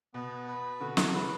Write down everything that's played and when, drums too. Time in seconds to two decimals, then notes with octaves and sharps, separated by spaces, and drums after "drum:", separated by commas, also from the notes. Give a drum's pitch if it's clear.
0.14 B2 B3
0.47 B4
0.81 B2 D3 F#4
0.97 D3 F#3, drum: snare
1.14 C#3 E3 B4